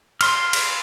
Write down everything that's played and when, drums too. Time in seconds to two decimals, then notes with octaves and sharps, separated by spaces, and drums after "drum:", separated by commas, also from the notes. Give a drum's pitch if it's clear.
0.21 C6 F6, drum: cymbal
0.53 drum: cymbal